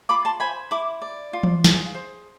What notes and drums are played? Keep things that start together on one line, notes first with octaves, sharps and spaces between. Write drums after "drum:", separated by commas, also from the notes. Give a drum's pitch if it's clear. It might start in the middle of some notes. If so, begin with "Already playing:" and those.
F4 B5 D6
A5 C6
C5 G#5 B5
E4 B5 D6
D5
F4
drum: tom E3
G#4, drum: snare
C5